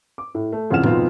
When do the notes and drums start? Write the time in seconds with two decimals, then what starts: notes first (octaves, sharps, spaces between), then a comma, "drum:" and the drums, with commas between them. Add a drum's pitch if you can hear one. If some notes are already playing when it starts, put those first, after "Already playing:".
0.18 D6
0.35 A2
0.53 A3
0.70 F2 C#3 E3 F#5 F6 E7
0.84 G#1 F2 B2 B3 C4 F4, drum: tom A2